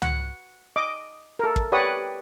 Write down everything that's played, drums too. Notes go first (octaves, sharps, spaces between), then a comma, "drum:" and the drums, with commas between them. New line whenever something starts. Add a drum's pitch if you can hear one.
F#5, drum: tom
D#5 D6
A4 A#4
drum: kick
G4 B4 C#5 D5 F#5 D#6